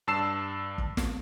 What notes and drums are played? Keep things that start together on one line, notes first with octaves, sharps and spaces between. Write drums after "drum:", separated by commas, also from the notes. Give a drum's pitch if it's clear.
G2 A5 E6 C7 E7
drum: kick
drum: snare